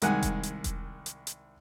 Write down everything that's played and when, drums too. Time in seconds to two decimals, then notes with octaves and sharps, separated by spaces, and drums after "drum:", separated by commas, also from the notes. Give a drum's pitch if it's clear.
0.02 C2 D#3 G#3 F#5 G#5, drum: hi-hat
0.22 drum: kick E1, hi-hat
0.43 drum: hi-hat
0.64 drum: kick E1, hi-hat
1.06 drum: hi-hat
1.27 drum: hi-hat